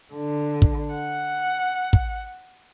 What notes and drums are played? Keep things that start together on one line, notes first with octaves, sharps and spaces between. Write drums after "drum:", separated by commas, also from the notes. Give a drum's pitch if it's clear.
D3
drum: kick
F#5
drum: kick